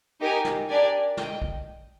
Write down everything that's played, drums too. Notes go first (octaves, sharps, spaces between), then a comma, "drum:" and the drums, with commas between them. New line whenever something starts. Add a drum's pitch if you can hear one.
D#4 G4 A#4 D#5 G#5
drum: snare
D4 G4 A#4 D5 G#5
D#5 G5, drum: snare
drum: kick